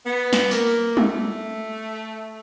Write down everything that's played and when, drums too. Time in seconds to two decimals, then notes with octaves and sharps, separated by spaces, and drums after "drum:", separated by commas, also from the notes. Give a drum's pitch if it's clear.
0.06 B3
0.33 drum: snare
0.51 A#3, drum: tambourine
0.97 A3, drum: tom G3